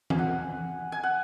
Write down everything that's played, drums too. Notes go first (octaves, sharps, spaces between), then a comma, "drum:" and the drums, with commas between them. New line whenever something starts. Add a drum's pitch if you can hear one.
G#5, drum: tom E3
F#5
G#5
F#5